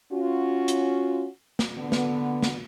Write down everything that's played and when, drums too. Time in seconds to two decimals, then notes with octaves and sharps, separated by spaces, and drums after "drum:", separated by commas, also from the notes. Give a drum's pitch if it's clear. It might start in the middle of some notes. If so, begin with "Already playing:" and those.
0.13 C#4 F4 F#4
0.68 drum: hi-hat
1.59 drum: snare
1.78 D3 B3
1.92 drum: snare
2.42 drum: snare